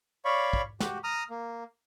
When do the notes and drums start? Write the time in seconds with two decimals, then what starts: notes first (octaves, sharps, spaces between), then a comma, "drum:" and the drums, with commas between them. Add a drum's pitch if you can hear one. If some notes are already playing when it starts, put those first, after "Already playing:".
0.25 C#5 D5 F5 B5 C#6
0.53 drum: kick
0.80 F#4 G4, drum: snare
1.04 A#5 D#6 F6
1.30 A#3